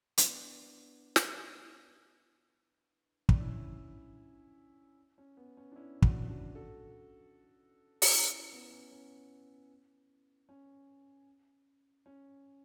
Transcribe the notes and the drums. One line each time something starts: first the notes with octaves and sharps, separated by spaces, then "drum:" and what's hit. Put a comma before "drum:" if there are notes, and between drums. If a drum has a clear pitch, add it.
E4, drum: hi-hat
B3 D4
drum: snare
D4, drum: kick
C#4 E4
C#4
B3
C#4
D4
C#4 E4
D4 F#4, drum: kick
D4 F#4
F#4 A4
drum: open hi-hat
C#4 E4
C#4
B3
C#4
C#4
C#4
C#4